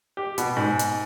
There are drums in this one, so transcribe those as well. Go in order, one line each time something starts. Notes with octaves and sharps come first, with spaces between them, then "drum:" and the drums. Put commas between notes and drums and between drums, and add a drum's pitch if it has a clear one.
G4
B2, drum: hi-hat
G#2
drum: hi-hat